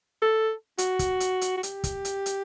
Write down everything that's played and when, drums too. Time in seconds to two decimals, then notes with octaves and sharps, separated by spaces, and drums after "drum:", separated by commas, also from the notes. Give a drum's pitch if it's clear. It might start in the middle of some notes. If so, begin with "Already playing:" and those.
0.22 A4
0.78 F#4, drum: hi-hat
0.99 drum: kick, hi-hat
1.20 drum: hi-hat
1.41 drum: hi-hat
1.57 F#4
1.63 G4, drum: hi-hat
1.84 drum: kick, hi-hat
2.05 drum: hi-hat
2.26 drum: hi-hat